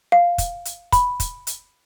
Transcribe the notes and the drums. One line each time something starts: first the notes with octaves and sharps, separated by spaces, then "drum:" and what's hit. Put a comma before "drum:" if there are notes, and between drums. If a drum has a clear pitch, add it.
F5
drum: kick, hi-hat
drum: hi-hat
B5, drum: kick, hi-hat
drum: kick, hi-hat
drum: hi-hat